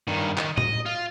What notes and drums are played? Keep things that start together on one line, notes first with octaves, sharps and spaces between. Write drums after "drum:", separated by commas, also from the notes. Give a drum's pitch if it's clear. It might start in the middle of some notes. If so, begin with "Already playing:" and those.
G2 D#3
D#3, drum: clap
D#5, drum: tom A2
F4